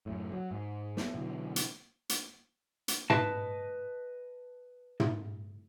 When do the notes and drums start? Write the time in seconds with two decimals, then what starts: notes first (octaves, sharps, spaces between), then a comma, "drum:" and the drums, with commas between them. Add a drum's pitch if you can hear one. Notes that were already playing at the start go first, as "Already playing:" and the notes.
0.06 F#2 A2
0.33 F#3
0.51 G#2
0.97 F3 B3, drum: snare
1.14 B2 D3 E3 F#3
1.56 drum: hi-hat
2.09 drum: hi-hat
2.88 drum: hi-hat
3.10 B4 D#5 A5, drum: tom
5.00 drum: tom